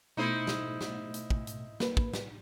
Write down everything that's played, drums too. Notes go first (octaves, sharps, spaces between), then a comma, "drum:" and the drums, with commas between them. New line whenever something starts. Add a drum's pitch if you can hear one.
B2 A3 D#4 E4 C5
drum: snare
drum: snare
drum: hi-hat
drum: kick
drum: hi-hat
A#3 B4, drum: snare
drum: kick
drum: snare